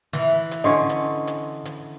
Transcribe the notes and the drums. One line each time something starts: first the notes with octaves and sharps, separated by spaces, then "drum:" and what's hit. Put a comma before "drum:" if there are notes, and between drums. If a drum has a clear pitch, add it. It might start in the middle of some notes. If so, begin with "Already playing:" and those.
E3, drum: snare
drum: hi-hat
D3 C#4 D#5 C6 C#6
drum: hi-hat
drum: hi-hat
drum: hi-hat